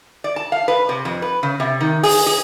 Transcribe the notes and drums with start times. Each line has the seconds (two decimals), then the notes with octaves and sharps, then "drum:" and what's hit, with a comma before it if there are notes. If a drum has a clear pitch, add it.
0.24 D5
0.36 A5
0.52 F5
0.68 B4
0.89 C3
1.05 F2
1.22 B4
1.43 C#3
1.60 C3
1.81 D#3
2.03 G#4, drum: open hi-hat
2.26 G#4